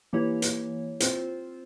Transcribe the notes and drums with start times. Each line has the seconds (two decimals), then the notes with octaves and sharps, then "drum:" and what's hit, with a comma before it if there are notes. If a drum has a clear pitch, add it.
0.13 E3 A#3 E4 G4 C#5
0.42 drum: hi-hat
1.00 C4 F4 C5, drum: hi-hat